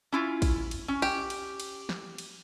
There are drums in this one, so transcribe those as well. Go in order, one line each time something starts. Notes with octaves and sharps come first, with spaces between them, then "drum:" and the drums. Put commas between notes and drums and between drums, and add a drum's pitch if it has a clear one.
C#4 E4 F4
drum: kick, cymbal
drum: cymbal
C#4
G4, drum: cymbal
drum: cymbal
drum: cymbal
drum: snare
drum: cymbal